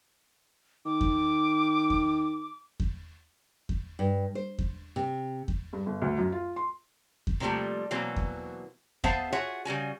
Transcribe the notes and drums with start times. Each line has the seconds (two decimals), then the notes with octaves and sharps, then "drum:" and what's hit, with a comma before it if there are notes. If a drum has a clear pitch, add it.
0.85 D#3 D6
1.01 drum: kick E2
1.90 drum: kick E2
2.80 drum: kick E2
3.69 drum: kick E2
3.99 G2
4.35 C5
4.59 drum: kick E2
4.96 C3
5.48 drum: kick E2
5.73 G2
5.86 G1
6.02 D2
6.18 F#2
6.32 F4
6.56 C6
7.27 drum: kick E2
7.40 C3 D#3 F3 G3 A3 A#3
7.91 B2 E3 F#3 A#3 C4
8.16 drum: kick E2
9.04 B3 G#4 C5 E5 F5 A5, drum: kick E2
9.32 F4 F#4 G#4 C#5 E5 F#5
9.65 C#3 G3 F#4 G#5